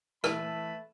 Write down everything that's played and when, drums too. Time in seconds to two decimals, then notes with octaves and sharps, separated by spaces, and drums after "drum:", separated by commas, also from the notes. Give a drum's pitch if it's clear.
0.24 E3 A3 B4 A5 B5 E6, drum: rim click